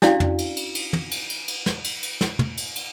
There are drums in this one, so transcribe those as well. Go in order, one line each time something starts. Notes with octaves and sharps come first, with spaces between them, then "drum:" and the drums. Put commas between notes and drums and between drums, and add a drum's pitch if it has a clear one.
C#4 D4 E4 F#4 D5 F5, drum: snare
drum: tom
drum: cymbal
drum: cymbal
drum: cymbal
drum: tom
drum: cymbal
drum: cymbal
drum: cymbal
drum: snare
drum: cymbal
drum: cymbal
drum: snare
drum: tom
drum: cymbal
drum: cymbal